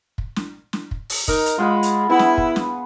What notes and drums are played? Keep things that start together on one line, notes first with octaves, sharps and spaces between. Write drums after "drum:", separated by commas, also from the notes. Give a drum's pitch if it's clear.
drum: kick
drum: snare
drum: snare
drum: kick
drum: open hi-hat
D#4 A#4, drum: kick
drum: hi-hat
G#3 F4 F#5 B5
drum: hi-hat
B3 E4 G#4
drum: snare
drum: kick
drum: snare